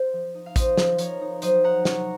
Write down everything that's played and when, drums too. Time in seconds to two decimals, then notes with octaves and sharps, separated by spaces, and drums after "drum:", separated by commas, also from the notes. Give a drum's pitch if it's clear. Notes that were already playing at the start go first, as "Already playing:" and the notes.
Already playing: C4 C5
0.13 F3
0.35 D#4
0.46 F5
0.56 C4 C5 D#5, drum: kick A1, hi-hat
0.77 F3, drum: snare
0.99 F3 A#4 C#5, drum: hi-hat
1.21 D#4
1.42 F#3 C5 D#5, drum: hi-hat
1.64 D#4 F#5 A#5
1.85 C3 A#5 C#6, drum: snare